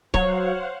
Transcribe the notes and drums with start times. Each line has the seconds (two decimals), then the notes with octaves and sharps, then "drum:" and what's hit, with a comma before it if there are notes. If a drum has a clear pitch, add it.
0.14 F#3 C5 C#5 F5 F#5, drum: kick C#1